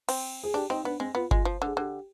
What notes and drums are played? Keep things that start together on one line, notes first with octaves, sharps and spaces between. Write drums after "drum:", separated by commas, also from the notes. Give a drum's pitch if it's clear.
C4, drum: cymbal
G#4
D4 G4
C4 D#4
B3 D4
G#3 C4
B3 F4
G#3 F4, drum: kick G1
F3
D3 G#4
D3 G4